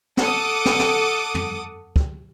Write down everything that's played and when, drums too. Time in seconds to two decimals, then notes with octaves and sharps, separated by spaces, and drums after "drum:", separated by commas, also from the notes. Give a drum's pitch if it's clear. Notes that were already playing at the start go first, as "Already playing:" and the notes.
0.17 A4 F#5 D6 D#6, drum: snare
0.65 drum: snare
0.79 drum: snare
1.34 drum: tom
1.96 drum: kick